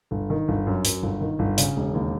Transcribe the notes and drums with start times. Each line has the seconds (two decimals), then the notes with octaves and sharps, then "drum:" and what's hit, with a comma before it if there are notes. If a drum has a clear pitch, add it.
0.11 G1
0.30 D#3
0.48 G1
0.67 F#2
0.85 F#2, drum: hi-hat
1.03 G1
1.21 D#3
1.39 G1
1.58 C#3, drum: hi-hat
1.76 E1
1.94 D#2